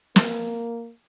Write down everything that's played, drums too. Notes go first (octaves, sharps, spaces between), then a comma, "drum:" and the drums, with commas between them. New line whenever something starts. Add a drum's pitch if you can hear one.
A#3, drum: snare